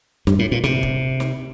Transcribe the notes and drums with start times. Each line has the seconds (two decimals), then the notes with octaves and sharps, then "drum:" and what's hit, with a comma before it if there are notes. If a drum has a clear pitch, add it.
0.27 G2, drum: snare
0.39 A2
0.51 A#2
0.64 C3, drum: snare
0.83 drum: kick
1.20 drum: snare